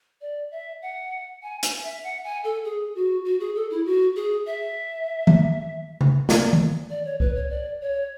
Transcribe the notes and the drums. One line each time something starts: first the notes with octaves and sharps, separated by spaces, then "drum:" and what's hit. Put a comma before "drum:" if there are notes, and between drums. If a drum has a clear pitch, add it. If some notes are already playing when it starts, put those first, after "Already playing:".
D5
E5
F#5
G#5
G#5, drum: hi-hat
E5
F#5
G#5
A4
G#4
F#4
F#4
G#4
A4
E4
F#4
G#4
E5
drum: tom D#3
drum: tom C#3
D5, drum: snare
drum: tom D#3
D5
C#5
B4, drum: kick C2
C#5
D5
C#5